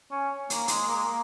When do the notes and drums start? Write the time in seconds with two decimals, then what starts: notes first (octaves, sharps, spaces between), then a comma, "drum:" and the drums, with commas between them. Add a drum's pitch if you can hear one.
0.11 C#4
0.50 A#3, drum: hi-hat
0.68 G#3, drum: hi-hat
0.87 A#3
0.95 G#3
1.03 A#3